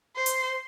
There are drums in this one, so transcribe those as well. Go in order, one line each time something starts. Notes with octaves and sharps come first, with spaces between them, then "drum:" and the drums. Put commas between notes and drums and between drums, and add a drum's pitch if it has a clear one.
C5
drum: hi-hat